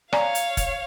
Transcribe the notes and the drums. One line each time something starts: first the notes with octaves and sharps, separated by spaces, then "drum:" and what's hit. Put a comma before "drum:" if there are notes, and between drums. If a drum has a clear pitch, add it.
C#5 D5 F5 G#5 A#5, drum: rim click
drum: hi-hat
drum: kick, hi-hat